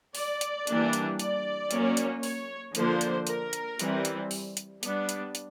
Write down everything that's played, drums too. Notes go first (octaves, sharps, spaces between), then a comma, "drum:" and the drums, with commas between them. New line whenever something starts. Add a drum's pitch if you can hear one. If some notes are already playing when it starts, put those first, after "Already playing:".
D5, drum: open hi-hat
drum: hi-hat
E3 G3 A#3 D4, drum: hi-hat
drum: hi-hat
D5, drum: hi-hat
F#3 A#3 C#4, drum: hi-hat
drum: hi-hat
C#5, drum: open hi-hat
D3 F3 A#3 D4 C5, drum: hi-hat
drum: hi-hat
A#4, drum: hi-hat
drum: hi-hat
E3 G3 C4, drum: hi-hat
drum: hi-hat
drum: open hi-hat
drum: hi-hat
G3 B3 D4, drum: hi-hat
drum: hi-hat
drum: hi-hat